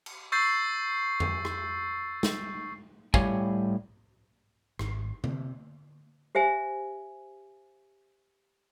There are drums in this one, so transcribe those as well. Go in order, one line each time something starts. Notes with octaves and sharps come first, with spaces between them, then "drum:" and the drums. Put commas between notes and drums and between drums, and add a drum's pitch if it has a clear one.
drum: cymbal
C#6 E6 G6 A6 C7
drum: tom F2
drum: rim click
drum: snare
A2 G3 G4 C#5 F5 G#5, drum: kick
G#1, drum: rim click
C3, drum: tom D3
G4 C5 E5 G#5